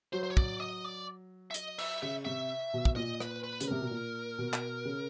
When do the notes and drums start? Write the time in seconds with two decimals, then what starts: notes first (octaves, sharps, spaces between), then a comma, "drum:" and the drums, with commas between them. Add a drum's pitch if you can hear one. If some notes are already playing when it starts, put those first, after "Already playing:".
0.13 F#3 C5
0.23 C5
0.30 C#5
0.37 D5, drum: kick
0.60 D#5
0.84 D5
1.51 E5
1.54 D#5, drum: hi-hat
1.78 E5, drum: cymbal
2.02 C#3 E5
2.25 C3 E5
2.73 B2
2.85 drum: kick
2.96 A#2 D#5
3.20 B4, drum: rim click
3.43 B4
3.61 C#3, drum: hi-hat
3.67 C3 A#4
3.81 B2
3.91 A#2
4.38 B2
4.53 drum: clap
4.85 C#3